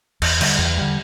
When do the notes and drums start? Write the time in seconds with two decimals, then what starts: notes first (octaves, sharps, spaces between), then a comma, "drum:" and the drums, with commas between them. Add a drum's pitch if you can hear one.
0.22 E2, drum: cymbal
0.41 D3 G3, drum: cymbal
0.58 E2
0.78 D3 G3